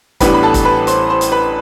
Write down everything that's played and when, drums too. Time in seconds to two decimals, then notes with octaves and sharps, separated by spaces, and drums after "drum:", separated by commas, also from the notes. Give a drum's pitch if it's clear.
0.20 A1 A2 G3 B3 D4 B4 B5, drum: kick, hi-hat
0.34 B5
0.43 A4 A5
0.54 drum: kick, hi-hat
0.65 B4 B5
0.87 C5 C6, drum: hi-hat
1.10 C5 C6
1.21 drum: hi-hat
1.32 B4 B5